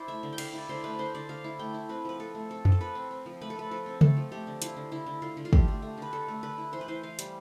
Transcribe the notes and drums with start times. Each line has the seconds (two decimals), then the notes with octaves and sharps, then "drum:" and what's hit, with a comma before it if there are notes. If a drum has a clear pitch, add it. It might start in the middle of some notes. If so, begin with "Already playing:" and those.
Already playing: E4 C5 D5
0.08 A3 E5
0.23 D3
0.33 G5
0.38 D3 F5, drum: cymbal
0.53 E4 D5
0.69 D3 C5
0.84 A3 B4
0.99 D3 C5
1.14 D3 D5
1.29 D3 F5
1.44 E4
1.59 A3 G5
1.74 E4
1.89 C4 B4
2.05 F3 B4
2.20 C4 A4
2.35 A3
2.50 C4 A4
2.65 F3, drum: tom F2
2.72 A4
2.81 F3 B4
2.95 C4
3.11 C4
3.26 F3
3.41 A3 B4
3.50 A4
3.55 A3 B4
3.71 F3 A4
3.86 C4
4.01 A3 A4, drum: tom C#3
4.17 F3
4.32 A3 G4
4.47 D3
4.62 E4 F4, drum: hi-hat
4.77 D3
4.92 D3 E4
5.06 D3
5.22 D3 F4
5.37 D3
5.45 F4
5.53 A3 G4, drum: kick
5.68 A3
5.82 A3
5.98 D3 B4
6.13 D3 A4
6.28 A3
6.43 D3 B4
6.58 E4
6.73 E3 C5
6.81 B4
6.88 E3 C5
7.03 E3 F5
7.19 G3, drum: hi-hat